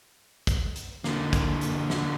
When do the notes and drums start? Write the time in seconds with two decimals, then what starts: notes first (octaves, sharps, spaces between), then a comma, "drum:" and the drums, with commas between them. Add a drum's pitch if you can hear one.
0.47 drum: kick, hi-hat
0.76 drum: hi-hat
1.04 D3 A#3, drum: snare
1.33 drum: kick, hi-hat
1.61 drum: hi-hat
1.90 drum: snare